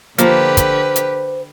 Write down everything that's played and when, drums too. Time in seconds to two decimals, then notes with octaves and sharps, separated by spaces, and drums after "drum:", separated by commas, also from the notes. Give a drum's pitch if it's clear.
0.18 D3 F3 A#3 G4 B4 C5, drum: hi-hat
0.57 drum: kick, hi-hat
0.96 drum: hi-hat